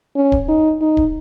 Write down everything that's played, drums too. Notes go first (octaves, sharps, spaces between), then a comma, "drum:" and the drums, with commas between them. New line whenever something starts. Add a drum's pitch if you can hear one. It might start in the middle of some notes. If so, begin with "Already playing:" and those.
C#4
drum: kick D1
D#4
D#4
drum: kick D1